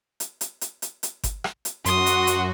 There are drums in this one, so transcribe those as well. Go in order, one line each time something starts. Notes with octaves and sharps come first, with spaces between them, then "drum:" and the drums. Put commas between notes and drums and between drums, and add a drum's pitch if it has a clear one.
drum: hi-hat
drum: hi-hat
drum: hi-hat
drum: hi-hat
drum: hi-hat
drum: kick G1, hi-hat
drum: rim click
drum: hi-hat
F#2 F#4 C6 D#6, drum: hi-hat
drum: hi-hat
drum: hi-hat